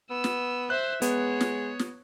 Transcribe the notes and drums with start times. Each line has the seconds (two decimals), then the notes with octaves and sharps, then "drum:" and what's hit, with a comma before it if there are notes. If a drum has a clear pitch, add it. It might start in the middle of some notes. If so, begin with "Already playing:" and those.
0.10 B3 E6
0.24 drum: snare
0.70 C5 E5 F#6
1.02 G#3 B3 C#5, drum: hi-hat
1.41 drum: snare
1.79 drum: snare